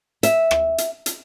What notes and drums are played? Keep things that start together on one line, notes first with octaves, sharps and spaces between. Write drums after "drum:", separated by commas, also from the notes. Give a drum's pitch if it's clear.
E5, drum: hi-hat
drum: rim click
drum: hi-hat
drum: hi-hat